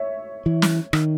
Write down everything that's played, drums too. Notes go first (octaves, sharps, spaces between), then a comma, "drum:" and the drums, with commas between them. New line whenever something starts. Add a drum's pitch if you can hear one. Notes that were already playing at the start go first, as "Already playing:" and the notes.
Already playing: C#5 E5
E3
drum: snare
D#3, drum: rim click